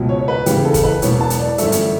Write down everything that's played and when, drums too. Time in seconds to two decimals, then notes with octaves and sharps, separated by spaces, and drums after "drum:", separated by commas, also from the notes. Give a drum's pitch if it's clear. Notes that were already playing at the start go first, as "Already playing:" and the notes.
Already playing: C#2 B2 F#3
0.09 C#5
0.19 C#5
0.28 B4
0.46 F#1 E2 C#3 E3 G4, drum: hi-hat
0.65 A4
0.74 drum: kick, hi-hat
0.84 B4
1.02 E1 E2 B2 F#3 B3 C#5, drum: hi-hat
1.21 A5
1.30 drum: hi-hat
1.40 D5
1.58 G1 F#2 E3 A3 E5, drum: hi-hat
1.72 drum: hi-hat